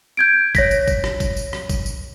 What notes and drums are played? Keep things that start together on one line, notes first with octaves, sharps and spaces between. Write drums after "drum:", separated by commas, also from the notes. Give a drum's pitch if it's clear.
G6 G#6 D7
C#5 A#6 B6, drum: kick, tambourine
drum: tambourine
drum: kick, tambourine
drum: rim click
drum: kick, tambourine
drum: tambourine
drum: rim click
drum: kick, tambourine
drum: tambourine